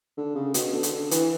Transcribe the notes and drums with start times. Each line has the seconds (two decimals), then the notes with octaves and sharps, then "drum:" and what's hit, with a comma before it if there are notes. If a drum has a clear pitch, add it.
0.18 D3
0.35 C#3
0.54 B2, drum: hi-hat
0.74 D3
0.83 drum: hi-hat
0.92 D3
1.11 E3, drum: hi-hat